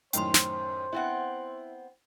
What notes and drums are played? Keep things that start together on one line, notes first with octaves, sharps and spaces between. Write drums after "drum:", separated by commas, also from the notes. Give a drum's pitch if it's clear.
F#2 A2 D#3 C5 G5 C6, drum: hi-hat
drum: snare
B3 C4 E4 F#5